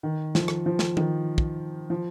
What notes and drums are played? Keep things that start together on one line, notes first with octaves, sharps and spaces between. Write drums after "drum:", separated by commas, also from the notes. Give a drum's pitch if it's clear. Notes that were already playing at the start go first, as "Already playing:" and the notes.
D#3
F3, drum: snare
drum: rim click
F3
drum: snare
D#3, drum: tom E3
drum: kick
F3